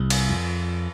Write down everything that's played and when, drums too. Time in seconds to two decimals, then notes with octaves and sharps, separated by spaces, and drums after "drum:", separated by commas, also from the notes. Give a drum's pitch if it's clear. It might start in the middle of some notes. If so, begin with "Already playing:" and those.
Already playing: C2 C3
0.10 drum: cymbal
0.29 F2